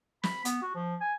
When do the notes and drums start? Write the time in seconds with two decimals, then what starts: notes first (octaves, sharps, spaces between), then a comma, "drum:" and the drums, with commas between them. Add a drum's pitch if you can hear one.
0.23 B5, drum: snare
0.45 B3, drum: hi-hat
0.62 F#4
0.75 F3
1.01 G#5